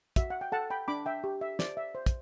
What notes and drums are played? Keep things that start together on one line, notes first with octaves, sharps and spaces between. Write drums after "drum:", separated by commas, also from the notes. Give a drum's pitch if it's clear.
F#4 E5, drum: kick, hi-hat
F#5
G5
A4 F#5 A5
G5 B5
D4 B5 D6
E5 G5
G4
E5
C5 D5, drum: snare
E5
C5
drum: kick, hi-hat